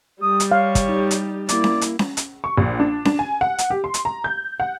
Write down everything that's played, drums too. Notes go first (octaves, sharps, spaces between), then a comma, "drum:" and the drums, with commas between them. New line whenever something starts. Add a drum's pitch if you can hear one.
G3 G4 D#6
drum: hi-hat
C#5 F5
drum: kick, hi-hat
D#4
drum: hi-hat
A#3 E4 D5, drum: hi-hat
drum: snare C#4
drum: hi-hat
drum: snare C#4
drum: hi-hat
C#6
A#1
D4
D4, drum: snare C#4
G#5
F#5
drum: hi-hat
G4
C6
drum: hi-hat
A#5
G6
F#5